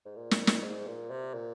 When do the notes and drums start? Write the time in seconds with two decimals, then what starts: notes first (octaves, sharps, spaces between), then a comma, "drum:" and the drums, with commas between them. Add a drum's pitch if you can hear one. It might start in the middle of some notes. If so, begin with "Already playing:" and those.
0.05 G#2
0.16 A#2
0.31 drum: snare
0.47 drum: snare
0.63 G#2
0.87 A#2
1.11 C3
1.34 A#2